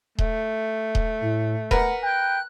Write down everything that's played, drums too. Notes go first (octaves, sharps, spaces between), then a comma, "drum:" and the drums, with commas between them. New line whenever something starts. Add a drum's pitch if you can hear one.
A3, drum: kick D#1
drum: kick D#1
A2
A#4 B4 F#5, drum: kick D#1
G5 F#6